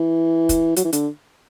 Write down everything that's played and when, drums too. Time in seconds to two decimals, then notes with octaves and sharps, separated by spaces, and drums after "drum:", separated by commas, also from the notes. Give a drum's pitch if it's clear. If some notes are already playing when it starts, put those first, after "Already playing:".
Already playing: E3
0.49 drum: kick, hi-hat
0.76 F#3, drum: hi-hat
0.85 E3
0.93 D3, drum: hi-hat